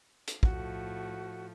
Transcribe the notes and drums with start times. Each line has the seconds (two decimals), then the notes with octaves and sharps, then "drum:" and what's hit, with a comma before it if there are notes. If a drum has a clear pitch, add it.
0.28 drum: hi-hat
0.43 A2 F3 A3 F#4, drum: kick